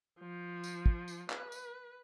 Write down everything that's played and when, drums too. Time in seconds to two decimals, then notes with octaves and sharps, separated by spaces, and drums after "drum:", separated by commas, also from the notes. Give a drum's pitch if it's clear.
0.20 F3
0.64 drum: tambourine
0.86 drum: kick
1.08 drum: tambourine
1.30 B4, drum: clap
1.52 drum: tambourine